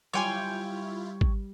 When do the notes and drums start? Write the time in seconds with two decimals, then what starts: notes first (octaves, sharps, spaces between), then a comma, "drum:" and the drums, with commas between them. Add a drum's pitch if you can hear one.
0.13 G3 E4 F4 C#5 G5 G#5 C6 D6
1.21 drum: kick G#1